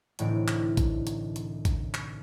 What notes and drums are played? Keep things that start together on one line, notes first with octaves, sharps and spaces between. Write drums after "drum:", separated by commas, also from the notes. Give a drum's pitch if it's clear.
C2 A2 D3 E3 D#4 D7, drum: hi-hat
drum: clap
drum: kick A1, hi-hat
drum: hi-hat
drum: hi-hat
drum: kick A1, hi-hat
drum: clap